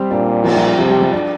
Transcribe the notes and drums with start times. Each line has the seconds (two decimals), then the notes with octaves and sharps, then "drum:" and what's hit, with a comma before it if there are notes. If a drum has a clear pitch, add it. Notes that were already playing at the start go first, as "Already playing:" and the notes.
Already playing: G3 C4 G4 C5
0.11 A#2 D4
0.44 F3 F4, drum: cymbal
0.56 G3 G4
0.79 C3 F3 F4
0.89 G3 G4
1.01 G3 G4
1.13 D4